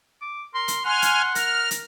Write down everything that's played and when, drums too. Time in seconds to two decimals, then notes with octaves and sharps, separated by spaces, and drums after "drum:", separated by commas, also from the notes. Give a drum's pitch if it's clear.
0.22 D6
0.54 A#4 C6
0.68 drum: hi-hat
0.85 F#5 G#5 C6 F6
1.02 drum: hi-hat
1.35 A#4 F6, drum: hi-hat
1.71 drum: hi-hat